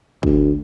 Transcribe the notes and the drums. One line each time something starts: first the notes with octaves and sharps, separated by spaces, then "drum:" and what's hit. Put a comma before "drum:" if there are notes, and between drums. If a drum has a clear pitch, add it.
D2, drum: kick